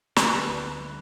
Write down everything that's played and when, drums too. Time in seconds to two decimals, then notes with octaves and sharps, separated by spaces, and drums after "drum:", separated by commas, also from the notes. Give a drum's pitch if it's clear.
0.16 D3 B4, drum: snare
0.49 D2
0.80 G3